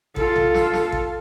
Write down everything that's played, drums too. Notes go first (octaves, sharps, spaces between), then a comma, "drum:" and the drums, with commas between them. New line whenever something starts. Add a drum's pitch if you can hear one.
F4 A4, drum: kick A1
drum: tom B1
drum: snare
drum: snare
drum: kick A1